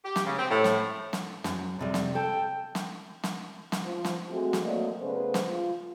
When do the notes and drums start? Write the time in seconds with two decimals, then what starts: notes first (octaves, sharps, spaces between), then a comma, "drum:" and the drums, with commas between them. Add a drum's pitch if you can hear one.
0.05 G4
0.16 drum: snare
0.26 C#3
0.38 C4
0.51 A2
0.64 drum: snare
1.13 drum: snare
1.44 F#2, drum: snare
1.79 F2 C3 G3
1.94 drum: snare
2.15 A4 G5
2.75 drum: snare
3.23 drum: snare
3.72 drum: snare
3.85 F3
4.05 drum: snare
4.30 G#3 A3 C4 F#4
4.53 drum: snare
4.63 F#3 A3 A#3 C4 D5 D#5
5.02 C#3 A3 B3 G#4 B4 C5
5.34 drum: snare
5.44 F4